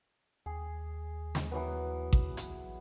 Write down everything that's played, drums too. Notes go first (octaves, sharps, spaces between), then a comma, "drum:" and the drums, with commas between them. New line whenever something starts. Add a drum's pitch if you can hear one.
D#2 G#4
drum: snare
E3 F#3 B3
drum: kick A1
drum: hi-hat